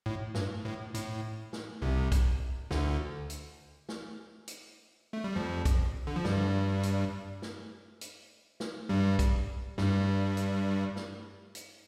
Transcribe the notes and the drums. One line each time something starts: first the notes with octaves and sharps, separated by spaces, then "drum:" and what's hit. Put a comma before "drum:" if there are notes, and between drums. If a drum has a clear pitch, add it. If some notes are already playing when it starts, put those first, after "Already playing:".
A2
G2, drum: snare
A2
A2, drum: hi-hat
drum: snare
C2 C3
drum: kick, hi-hat
D2 D3, drum: snare
drum: hi-hat
drum: snare
drum: hi-hat
A3
G3
F2 F3
drum: kick, hi-hat
D3
F3
G2 G3, drum: snare
drum: hi-hat
drum: snare
drum: hi-hat
drum: snare
G2 G3
drum: kick, hi-hat
G2 G3, drum: snare
drum: hi-hat
drum: snare
drum: hi-hat